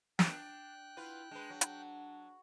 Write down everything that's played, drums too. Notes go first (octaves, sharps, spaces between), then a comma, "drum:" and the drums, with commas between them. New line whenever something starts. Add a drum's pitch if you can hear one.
D4 G5 F#6, drum: snare
E4 F4 B4
G#3 D4 B4
F#3
drum: hi-hat